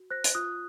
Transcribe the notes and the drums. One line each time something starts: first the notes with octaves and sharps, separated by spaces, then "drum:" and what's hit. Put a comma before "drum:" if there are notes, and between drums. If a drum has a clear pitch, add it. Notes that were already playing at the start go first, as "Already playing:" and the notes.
Already playing: F#4
C5 F#6 A#6
drum: hi-hat
F4 D#6 F#6